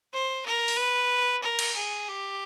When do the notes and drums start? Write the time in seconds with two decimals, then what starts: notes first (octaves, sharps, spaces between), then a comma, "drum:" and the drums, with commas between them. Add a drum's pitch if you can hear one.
0.13 C5
0.46 A#4
0.68 drum: open hi-hat
0.78 B4
1.43 A#4
1.59 drum: cymbal
1.76 G#4
2.09 G4